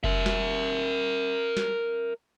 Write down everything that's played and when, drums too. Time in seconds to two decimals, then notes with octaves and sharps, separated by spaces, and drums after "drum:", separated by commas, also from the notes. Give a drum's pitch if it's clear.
0.04 A#4 E5, drum: kick F1
0.26 drum: snare
1.57 drum: snare